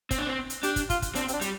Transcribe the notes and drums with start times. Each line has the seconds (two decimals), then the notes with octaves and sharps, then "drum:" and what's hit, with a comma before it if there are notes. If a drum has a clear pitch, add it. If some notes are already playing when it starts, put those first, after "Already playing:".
0.11 C4, drum: kick, hi-hat
0.18 D4
0.26 C4
0.50 drum: hi-hat
0.63 D4 G4, drum: hi-hat
0.76 drum: kick, hi-hat
0.90 F4, drum: kick, hi-hat
1.02 drum: kick, hi-hat
1.15 C4 D4, drum: hi-hat
1.28 C4, drum: hi-hat
1.33 D4
1.41 G3, drum: hi-hat